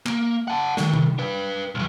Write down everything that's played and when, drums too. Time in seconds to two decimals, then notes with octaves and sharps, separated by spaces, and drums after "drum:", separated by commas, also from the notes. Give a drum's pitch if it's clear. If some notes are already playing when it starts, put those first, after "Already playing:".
0.06 A#3, drum: clap
0.48 F#5 A5
0.77 D#3, drum: snare
0.94 drum: tom C3
1.19 D4 B4
1.75 B1 E2